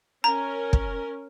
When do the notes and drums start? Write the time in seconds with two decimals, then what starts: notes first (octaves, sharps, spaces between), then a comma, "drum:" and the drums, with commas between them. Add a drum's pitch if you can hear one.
0.24 C#4 A#4 A#5
0.73 drum: kick